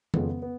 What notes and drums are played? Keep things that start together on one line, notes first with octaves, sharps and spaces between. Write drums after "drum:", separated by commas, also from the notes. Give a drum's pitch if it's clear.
F2 C#3 F3 G#3 B3, drum: tom D#3
B3